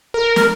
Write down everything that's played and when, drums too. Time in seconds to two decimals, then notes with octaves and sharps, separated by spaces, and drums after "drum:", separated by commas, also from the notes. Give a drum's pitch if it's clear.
0.14 A#4
0.36 drum: snare